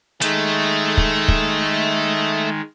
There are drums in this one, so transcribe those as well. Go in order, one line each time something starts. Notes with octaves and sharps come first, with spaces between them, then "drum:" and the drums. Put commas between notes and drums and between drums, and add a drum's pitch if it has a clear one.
D#3 G#3 A3, drum: hi-hat
drum: kick
drum: kick